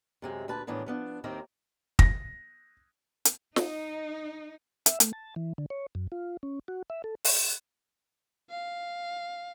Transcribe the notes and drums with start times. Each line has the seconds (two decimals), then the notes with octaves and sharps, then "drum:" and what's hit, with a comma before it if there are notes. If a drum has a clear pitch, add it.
0.22 F#2 C3 G#3
0.48 D2 A#2 B4 A5
0.67 A2 D#3 E3 B3 D4
0.86 F3 B3 D4
1.24 D#2 D#3 A#3 C4
1.99 A#6, drum: kick
3.25 drum: hi-hat
3.56 D#4, drum: snare
4.86 E5, drum: hi-hat
5.00 A3, drum: hi-hat
5.13 A5
5.36 E3
5.58 D3
5.70 C#5
5.95 F#2
6.12 F4
6.43 C#4
6.68 F#4
6.90 E5
7.04 A4
7.24 drum: open hi-hat
8.50 F5